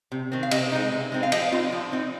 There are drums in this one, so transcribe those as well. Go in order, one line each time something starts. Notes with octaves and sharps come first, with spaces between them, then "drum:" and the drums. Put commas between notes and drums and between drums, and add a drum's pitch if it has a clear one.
C3
D#3 C4
F5
C3 D#5, drum: cymbal
G#3 C4 D#4
C3
G#3 C4 D#4
F5
F3 D#5, drum: cymbal
F5
C4 D#4 F4
F3
C4 D#4